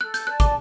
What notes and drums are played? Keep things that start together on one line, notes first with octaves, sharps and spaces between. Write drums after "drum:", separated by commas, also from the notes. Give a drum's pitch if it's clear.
A4 F#6
G6, drum: hi-hat
D5 A5 F#6
D6, drum: kick, hi-hat